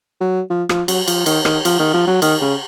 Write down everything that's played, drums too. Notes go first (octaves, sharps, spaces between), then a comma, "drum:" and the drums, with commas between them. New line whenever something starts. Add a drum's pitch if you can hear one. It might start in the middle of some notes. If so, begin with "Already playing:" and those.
F#3
F3
F3, drum: rim click
F#3, drum: cymbal
F3, drum: cymbal
D#3, drum: cymbal
D#3, drum: rim click
F3, drum: cymbal
D#3
F3
F#3
D#3, drum: cymbal
C#3